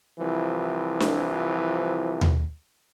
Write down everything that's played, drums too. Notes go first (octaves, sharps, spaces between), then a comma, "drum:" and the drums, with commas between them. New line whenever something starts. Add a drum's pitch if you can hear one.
C2 E3 F3
drum: snare D4
drum: tom D#2